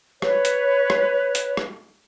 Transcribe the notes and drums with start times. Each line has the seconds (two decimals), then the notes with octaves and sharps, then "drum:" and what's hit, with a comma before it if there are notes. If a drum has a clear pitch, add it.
0.22 B4 C#5, drum: rim click
0.45 drum: hi-hat
0.90 drum: rim click
1.35 drum: hi-hat
1.57 drum: rim click